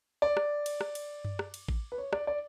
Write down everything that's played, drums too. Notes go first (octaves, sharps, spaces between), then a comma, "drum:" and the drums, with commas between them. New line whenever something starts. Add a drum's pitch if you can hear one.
D5
drum: rim click
drum: cymbal
drum: rim click
drum: cymbal
drum: tom G2
drum: rim click
drum: cymbal
drum: kick A1
B4
C#5
D5, drum: rim click
D5